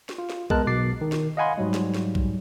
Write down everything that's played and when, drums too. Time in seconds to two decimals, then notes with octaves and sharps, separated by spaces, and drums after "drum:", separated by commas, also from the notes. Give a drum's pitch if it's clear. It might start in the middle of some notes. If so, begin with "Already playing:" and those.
0.09 drum: snare
0.18 F4
0.30 drum: snare
0.50 G#3 B3 A#4 A5 F#6, drum: kick B1
0.67 B1 B2 D6 A6 C7
1.01 D#3
1.12 drum: snare
1.37 D#5 F5 F#5 G#5 B5 C6
1.58 G#2 F#3 G3
1.74 drum: snare
1.94 drum: snare
2.15 drum: kick B1